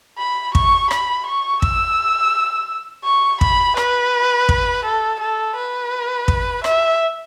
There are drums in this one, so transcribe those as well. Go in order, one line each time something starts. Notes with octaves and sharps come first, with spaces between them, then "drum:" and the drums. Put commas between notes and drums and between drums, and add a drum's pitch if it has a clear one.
B5
C#6, drum: kick
B5, drum: rim click
C#6
E6, drum: kick
C#6
B5, drum: kick
B4, drum: rim click
drum: kick
A4
A4
B4
drum: kick
E5, drum: rim click